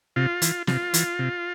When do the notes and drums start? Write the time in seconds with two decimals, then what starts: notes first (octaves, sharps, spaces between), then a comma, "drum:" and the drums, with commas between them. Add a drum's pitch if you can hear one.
0.16 C3 F4
0.42 E3, drum: hi-hat
0.67 C3 F4, drum: snare
0.94 E3, drum: hi-hat
1.19 C3